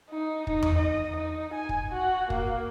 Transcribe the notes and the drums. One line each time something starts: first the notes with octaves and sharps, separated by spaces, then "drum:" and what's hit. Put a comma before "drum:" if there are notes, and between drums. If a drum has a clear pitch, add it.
D#4
D#4, drum: kick
drum: tom E2
D#5
D#4
G#5
drum: kick
F#4
A#3, drum: kick